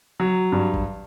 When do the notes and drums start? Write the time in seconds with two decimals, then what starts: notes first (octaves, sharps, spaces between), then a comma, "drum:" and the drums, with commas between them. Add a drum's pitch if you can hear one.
0.20 F#3
0.52 G2
0.74 drum: kick G#1